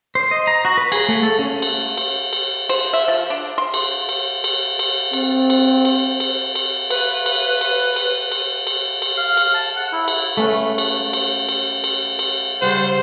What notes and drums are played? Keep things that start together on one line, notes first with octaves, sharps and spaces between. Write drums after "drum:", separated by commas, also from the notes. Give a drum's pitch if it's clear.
C5
D#5
A#5
F#4
B4
G#4, drum: cymbal
A3
A4
C#4
drum: cymbal
drum: cymbal
drum: cymbal
C5, drum: cymbal
E5
F3
D4
C6
drum: cymbal
drum: cymbal
drum: cymbal
drum: cymbal
C4, drum: cymbal
drum: cymbal
drum: cymbal
drum: cymbal
drum: cymbal
B4, drum: cymbal
drum: cymbal
drum: cymbal
drum: cymbal
drum: cymbal
drum: cymbal
drum: cymbal
F5
drum: cymbal
A5
F#5
E4
drum: cymbal
A3 C#4 B4
drum: cymbal
drum: cymbal
drum: cymbal
drum: cymbal
drum: cymbal
C#3 G3 C5 F#5